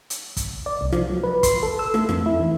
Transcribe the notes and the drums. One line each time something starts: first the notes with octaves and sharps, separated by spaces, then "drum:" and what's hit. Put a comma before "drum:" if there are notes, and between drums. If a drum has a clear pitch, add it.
drum: hi-hat
drum: kick, hi-hat
D5
C2
F3, drum: rim click
F#3
B4
C6, drum: kick, hi-hat
A4
E6
A3, drum: rim click
F2, drum: rim click
E4
E3